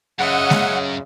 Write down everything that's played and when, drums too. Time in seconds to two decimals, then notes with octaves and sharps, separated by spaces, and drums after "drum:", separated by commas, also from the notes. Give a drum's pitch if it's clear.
0.19 F#2 C#3 D#5 E5 F#5
0.50 drum: snare G#3